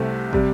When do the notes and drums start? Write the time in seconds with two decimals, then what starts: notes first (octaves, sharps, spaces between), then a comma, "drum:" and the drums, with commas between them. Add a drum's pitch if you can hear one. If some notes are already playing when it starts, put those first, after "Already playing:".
Already playing: C2 C3 A3 C4
0.33 C3 G3, drum: kick